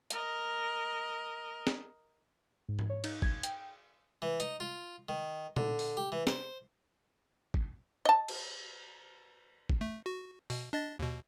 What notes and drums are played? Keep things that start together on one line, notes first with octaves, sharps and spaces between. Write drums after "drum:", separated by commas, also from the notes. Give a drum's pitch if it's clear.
A#4 D#5, drum: hi-hat
drum: snare
G#2
drum: tom G#2
C#5
D#4, drum: cymbal
G#6, drum: kick
G5, drum: hi-hat
E3
D#4, drum: hi-hat
F4
D#3
D3, drum: tom A#2
drum: open hi-hat
G4
E3
C5, drum: snare
drum: kick
D#5 A5
drum: cymbal
drum: kick
A3
F#4
B2, drum: open hi-hat
D4 D#5 A6
D#2 B2